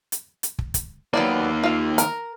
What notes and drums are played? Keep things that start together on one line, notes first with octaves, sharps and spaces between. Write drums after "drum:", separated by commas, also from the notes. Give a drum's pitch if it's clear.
drum: hi-hat
drum: hi-hat
drum: kick
drum: kick, hi-hat
D#3 F#3 A#3 B3 D5
F4 F5
A#4, drum: hi-hat